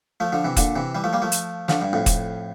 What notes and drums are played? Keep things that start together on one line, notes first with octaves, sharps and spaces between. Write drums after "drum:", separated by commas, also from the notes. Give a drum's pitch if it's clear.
F3 A3
D3 F3
C3 E3
A#2 D3, drum: kick, hi-hat
C3 E3
E3 G3
F3 A3
G3 A#3
F3 A3
drum: hi-hat
D3 F3, drum: snare
G2
F2 A2
drum: kick, hi-hat